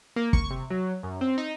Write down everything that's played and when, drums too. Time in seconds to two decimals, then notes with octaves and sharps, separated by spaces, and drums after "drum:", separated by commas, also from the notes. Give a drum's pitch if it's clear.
0.16 A#3
0.33 C#6, drum: kick
0.50 C3
0.70 F#3
1.03 F#2
1.21 C4
1.38 D#4